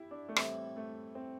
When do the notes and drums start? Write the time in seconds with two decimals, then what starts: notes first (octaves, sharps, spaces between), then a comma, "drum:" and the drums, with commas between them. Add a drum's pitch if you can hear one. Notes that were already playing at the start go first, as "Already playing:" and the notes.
Already playing: E4 G4
0.11 D4
0.29 A3
0.36 A2 E3 G3 C4 E4 A4, drum: rim click
0.76 A3
1.15 C4